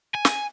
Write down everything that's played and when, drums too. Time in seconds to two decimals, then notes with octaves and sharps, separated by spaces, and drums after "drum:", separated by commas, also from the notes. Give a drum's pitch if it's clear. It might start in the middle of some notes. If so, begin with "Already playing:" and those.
0.15 G#5
0.25 drum: snare